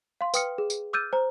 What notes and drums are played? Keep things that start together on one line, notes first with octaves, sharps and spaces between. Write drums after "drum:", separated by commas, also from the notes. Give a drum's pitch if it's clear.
F5 C6
B4 G5 D#6 F6 C#7, drum: tambourine
G#4
drum: tambourine
D6 E6 F6 G6 A6 D#7
C5 A#5